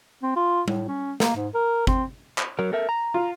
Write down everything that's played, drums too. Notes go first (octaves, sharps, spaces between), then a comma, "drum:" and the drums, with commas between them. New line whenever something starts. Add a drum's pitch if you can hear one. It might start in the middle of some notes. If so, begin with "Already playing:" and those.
C4
F4
A2, drum: tom G3
C#4
A#3, drum: snare
G#2
A#4
C4, drum: kick
drum: clap
F#3 A#4
A4 A#4 E5
A#5
F4